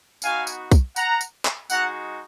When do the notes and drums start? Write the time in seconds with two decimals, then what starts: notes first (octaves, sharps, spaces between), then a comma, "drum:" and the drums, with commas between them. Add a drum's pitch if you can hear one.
0.22 B3 D#4 F#4 F5 G#5, drum: tambourine
0.47 drum: tambourine
0.72 drum: kick B1, tambourine
0.96 F#5 A#5, drum: tambourine
1.21 drum: tambourine
1.45 drum: clap
1.70 G#3 D#4 F#4 F#5 A#5, drum: tambourine